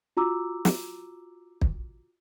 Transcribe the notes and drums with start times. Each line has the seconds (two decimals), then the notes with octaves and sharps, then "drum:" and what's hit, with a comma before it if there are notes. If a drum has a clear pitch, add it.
0.17 F4 F#4 A#5 D6 E6
0.65 drum: snare
1.61 drum: kick